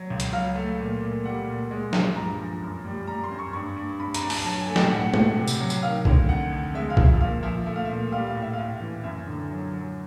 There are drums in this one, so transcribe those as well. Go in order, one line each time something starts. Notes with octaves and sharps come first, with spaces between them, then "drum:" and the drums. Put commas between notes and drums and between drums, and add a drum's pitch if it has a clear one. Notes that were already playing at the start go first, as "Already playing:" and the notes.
Already playing: F#3
C#2
drum: hi-hat
F#3 F5
A3
A#2
A#2
G3 F#5
A#2
G#3
F3, drum: snare
G2 A#5
F3
F#2
G3
G3 A#5
C6
F#2
C#6
G2 C#6
G2
G2 B5
A#5, drum: hi-hat
G2
A5, drum: open hi-hat
F#3 A5
G#5
A3
G5, drum: snare
A2 F#5
A2 F#5, drum: tom
C3
drum: tambourine
F#3
drum: tambourine
D#3 F5
D2, drum: kick A#1
F2 F#5
F2
G#3 E5
F5
F3, drum: kick A#1
E5
A#2 F5
F3 E5
A3 E5
F5
A#2 E5
G3 F5
F5
A2
E5
F5
A2 E5
E3
F#2 E5
D3
F#3
F#3